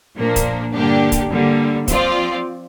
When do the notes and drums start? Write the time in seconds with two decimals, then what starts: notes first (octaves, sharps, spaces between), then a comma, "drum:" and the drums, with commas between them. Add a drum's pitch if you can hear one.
0.17 A#2 F3 A#3 D4
0.36 drum: kick, hi-hat
0.74 G2 D3 A#3 D4 G4
1.12 drum: kick, hi-hat
1.31 D3 G3 A#3
1.88 F3 C4 F4 D5, drum: kick, hi-hat